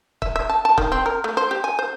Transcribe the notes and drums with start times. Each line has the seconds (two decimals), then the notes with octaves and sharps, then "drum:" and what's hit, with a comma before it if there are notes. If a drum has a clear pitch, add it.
0.22 E5, drum: kick
0.36 E5
0.49 A5
0.65 A5
0.78 D#3, drum: kick
0.92 C4
1.06 A#4
1.24 A3
1.37 C5
1.51 G4
1.64 G#5
1.79 C5